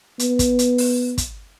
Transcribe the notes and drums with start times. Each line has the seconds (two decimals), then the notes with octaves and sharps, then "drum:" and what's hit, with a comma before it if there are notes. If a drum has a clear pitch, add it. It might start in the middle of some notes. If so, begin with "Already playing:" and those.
0.19 B3, drum: hi-hat
0.39 drum: kick, hi-hat
0.59 drum: hi-hat
0.78 drum: open hi-hat
1.18 drum: kick, hi-hat